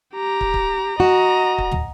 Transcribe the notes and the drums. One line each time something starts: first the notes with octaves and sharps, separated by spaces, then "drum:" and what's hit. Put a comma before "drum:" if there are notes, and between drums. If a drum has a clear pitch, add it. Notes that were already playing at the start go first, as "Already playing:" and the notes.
G4 A#5
drum: kick
drum: kick
F#4 D#5 A#5
drum: kick
drum: tom